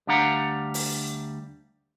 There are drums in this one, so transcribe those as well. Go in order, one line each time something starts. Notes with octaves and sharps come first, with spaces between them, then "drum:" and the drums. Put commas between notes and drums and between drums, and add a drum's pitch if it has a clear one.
D2 G3 D4 F5 F#5 A#5
drum: open hi-hat